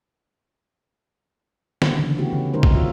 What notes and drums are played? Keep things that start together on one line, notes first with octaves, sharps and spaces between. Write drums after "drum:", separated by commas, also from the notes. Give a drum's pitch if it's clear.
D3 D#3, drum: snare
C#3 E3
E3 A3 B3 E4 F#4 G4
C#3 C#4
D#3 G#3 D#4 A#4 C5
drum: kick
F4 F#4 C#5 E5